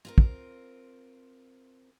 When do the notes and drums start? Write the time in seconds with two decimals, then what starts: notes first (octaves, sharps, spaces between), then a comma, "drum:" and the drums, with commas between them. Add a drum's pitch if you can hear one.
0.05 C4 F4 A#4
0.18 drum: kick